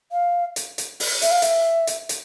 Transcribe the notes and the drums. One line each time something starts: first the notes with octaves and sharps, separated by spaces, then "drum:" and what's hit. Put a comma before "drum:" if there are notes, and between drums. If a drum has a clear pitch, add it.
F5
drum: hi-hat
drum: hi-hat
drum: open hi-hat
E5, drum: hi-hat
F5
E5, drum: hi-hat
drum: hi-hat
drum: hi-hat